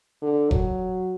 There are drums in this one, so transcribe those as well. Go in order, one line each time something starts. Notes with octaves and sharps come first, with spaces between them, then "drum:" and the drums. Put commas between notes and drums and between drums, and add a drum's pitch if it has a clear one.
D3
F#3, drum: kick F1